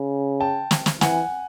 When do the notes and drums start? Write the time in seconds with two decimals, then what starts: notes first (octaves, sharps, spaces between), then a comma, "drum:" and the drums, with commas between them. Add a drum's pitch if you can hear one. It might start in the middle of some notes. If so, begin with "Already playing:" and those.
Already playing: C#3
0.40 G5 A5
0.71 drum: snare
0.86 drum: snare
1.01 E3 F#5 G#5, drum: snare